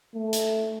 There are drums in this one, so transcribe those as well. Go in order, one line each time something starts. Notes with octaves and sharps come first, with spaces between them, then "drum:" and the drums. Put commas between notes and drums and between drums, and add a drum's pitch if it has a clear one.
A3
drum: hi-hat